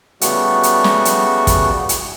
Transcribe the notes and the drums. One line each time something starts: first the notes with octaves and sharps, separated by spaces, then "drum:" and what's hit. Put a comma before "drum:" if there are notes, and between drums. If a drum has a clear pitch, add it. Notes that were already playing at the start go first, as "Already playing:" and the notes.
C#3 G3 A3 B3 F#4, drum: hi-hat
drum: hi-hat
drum: snare
drum: hi-hat
drum: kick, hi-hat
drum: hi-hat